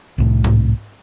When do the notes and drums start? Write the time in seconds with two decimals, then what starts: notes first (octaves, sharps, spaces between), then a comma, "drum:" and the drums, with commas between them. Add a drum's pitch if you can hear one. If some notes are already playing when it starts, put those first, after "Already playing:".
0.18 C2 A2
0.44 drum: tom G#2